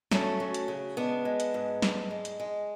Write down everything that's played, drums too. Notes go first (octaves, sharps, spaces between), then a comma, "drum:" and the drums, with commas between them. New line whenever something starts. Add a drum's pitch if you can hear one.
D2 A3 C#4, drum: snare
F#3
drum: hi-hat
C#3
G#3 B3 D4
G#3
drum: hi-hat
G#2
G#2, drum: snare
G#3
drum: hi-hat
G#3